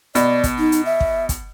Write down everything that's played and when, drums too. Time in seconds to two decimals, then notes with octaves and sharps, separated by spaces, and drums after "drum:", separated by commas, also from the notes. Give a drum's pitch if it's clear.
0.15 B2 D5, drum: hi-hat
0.44 drum: kick, hi-hat
0.59 D#4
0.72 drum: hi-hat
0.86 E5
1.00 drum: kick
1.29 drum: kick, hi-hat